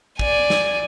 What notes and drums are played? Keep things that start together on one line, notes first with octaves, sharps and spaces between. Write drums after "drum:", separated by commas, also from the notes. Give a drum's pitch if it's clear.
D5 G#5, drum: kick
drum: snare